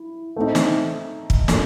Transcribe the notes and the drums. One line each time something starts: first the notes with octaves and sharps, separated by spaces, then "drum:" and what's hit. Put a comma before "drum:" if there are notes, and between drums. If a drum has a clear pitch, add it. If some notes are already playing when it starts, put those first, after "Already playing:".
Already playing: E4
A3 C4 D#4
drum: snare
drum: kick
A#2 F#3 A3, drum: snare